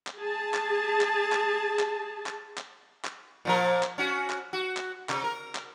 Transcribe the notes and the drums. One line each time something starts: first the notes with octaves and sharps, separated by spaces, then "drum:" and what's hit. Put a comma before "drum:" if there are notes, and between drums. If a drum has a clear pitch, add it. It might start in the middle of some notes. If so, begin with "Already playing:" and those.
drum: clap
G#4 A5
drum: clap
drum: clap
drum: clap
drum: clap
drum: clap
drum: clap
drum: clap
A#2 F3 A#4
drum: clap
C#4 F#4
drum: clap
F#4
drum: clap
C3, drum: clap
A#4
drum: clap